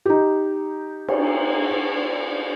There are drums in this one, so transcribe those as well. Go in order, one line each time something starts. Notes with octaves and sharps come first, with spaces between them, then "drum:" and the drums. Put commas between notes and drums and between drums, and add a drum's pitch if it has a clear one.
D#4 G4
drum: cymbal